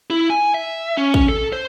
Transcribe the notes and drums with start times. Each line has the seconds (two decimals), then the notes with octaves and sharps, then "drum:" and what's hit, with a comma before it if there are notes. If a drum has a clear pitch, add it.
0.10 E4
0.30 G#5
0.54 E5
0.97 C#4
1.14 drum: kick
1.29 A4
1.52 C5